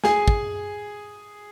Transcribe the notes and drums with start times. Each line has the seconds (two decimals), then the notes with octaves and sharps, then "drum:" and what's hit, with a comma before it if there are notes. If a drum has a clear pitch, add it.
0.04 G#4 G#5, drum: snare
0.28 drum: kick